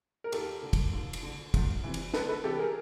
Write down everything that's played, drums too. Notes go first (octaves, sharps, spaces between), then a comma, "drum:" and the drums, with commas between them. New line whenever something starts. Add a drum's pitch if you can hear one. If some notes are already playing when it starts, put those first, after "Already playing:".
A#4
D#2 G4 A4, drum: cymbal
D3
drum: kick, cymbal
D#2
drum: cymbal
D3
D2, drum: kick, cymbal
C3 E3
drum: cymbal
D2 A4 B4, drum: snare
A4 B4
C3 E3 G4 A4
G#4 A#4